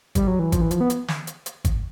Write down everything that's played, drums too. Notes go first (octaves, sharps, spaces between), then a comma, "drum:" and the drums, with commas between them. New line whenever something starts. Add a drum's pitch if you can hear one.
G3, drum: kick G#1, hi-hat
F#3
E3
F3, drum: kick G#1, hi-hat
E3
F3, drum: hi-hat
B3
drum: hi-hat
drum: snare
drum: hi-hat
drum: hi-hat
drum: kick G#1, hi-hat